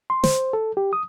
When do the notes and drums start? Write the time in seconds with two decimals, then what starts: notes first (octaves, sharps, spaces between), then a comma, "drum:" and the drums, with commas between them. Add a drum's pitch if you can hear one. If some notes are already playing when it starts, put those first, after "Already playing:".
0.10 C6
0.24 C5, drum: snare
0.53 A4
0.77 G4
0.93 D#6